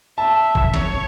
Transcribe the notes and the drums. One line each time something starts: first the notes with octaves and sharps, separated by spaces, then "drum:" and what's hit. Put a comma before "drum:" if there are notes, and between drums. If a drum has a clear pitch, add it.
E5 A5
drum: kick
C#5, drum: snare